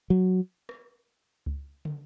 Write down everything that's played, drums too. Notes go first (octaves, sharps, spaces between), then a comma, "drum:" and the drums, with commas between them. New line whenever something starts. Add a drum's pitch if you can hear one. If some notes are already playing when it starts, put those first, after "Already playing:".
F#3
drum: rim click
drum: kick C#2
drum: tom